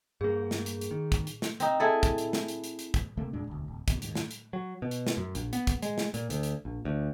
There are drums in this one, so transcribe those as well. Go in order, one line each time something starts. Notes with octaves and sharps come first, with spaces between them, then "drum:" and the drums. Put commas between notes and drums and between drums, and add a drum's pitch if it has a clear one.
G2 A#3 G#4
drum: snare
drum: hi-hat
drum: hi-hat
D#3
drum: kick, hi-hat
drum: hi-hat
drum: snare
C4 D#4, drum: hi-hat
E4 G#4 A4
drum: kick, hi-hat
drum: hi-hat
drum: snare
drum: hi-hat
drum: hi-hat
drum: hi-hat
drum: kick, hi-hat
C#2 C3 A3 A#3
E2 A#2 G#3 D4
E1 D2
D1
E2 B2, drum: kick, hi-hat
D#2 G#2, drum: hi-hat
drum: snare
drum: hi-hat
F#3
B2
drum: hi-hat
drum: snare
F#2
A#1, drum: hi-hat
B3, drum: hi-hat
drum: kick, hi-hat
G#3, drum: hi-hat
drum: snare
A#2, drum: hi-hat
D2, drum: hi-hat
drum: hi-hat
A#1
D2